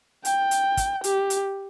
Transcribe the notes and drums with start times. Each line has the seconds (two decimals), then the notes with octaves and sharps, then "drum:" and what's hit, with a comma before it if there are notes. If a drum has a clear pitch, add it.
0.25 G5, drum: hi-hat
0.51 drum: hi-hat
0.77 drum: kick, hi-hat
1.04 G4, drum: hi-hat
1.30 drum: hi-hat